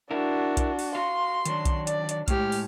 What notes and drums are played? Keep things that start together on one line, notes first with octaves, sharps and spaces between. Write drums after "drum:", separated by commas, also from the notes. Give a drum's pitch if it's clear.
D4 E4 F#4 A#4
drum: kick B1, hi-hat
drum: open hi-hat
F#4 F5 C6
D#3 F#3 D4, drum: hi-hat
drum: kick B1, hi-hat
D5, drum: hi-hat
drum: hi-hat
A2 G#3 G4 F6, drum: kick B1, hi-hat
drum: open hi-hat